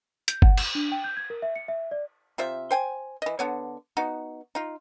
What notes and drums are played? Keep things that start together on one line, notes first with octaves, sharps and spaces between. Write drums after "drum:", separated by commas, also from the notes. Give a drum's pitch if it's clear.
G6, drum: hi-hat
F#5, drum: kick G1
E7, drum: cymbal
D4
G5
G6
G#6
A#4
E5
C#7
E5
D5
C3 F4 C5 E5
C5 G5 G#5
E3 D#5
D3 B3 C#5
B3 D#4 F#4
D#4 F4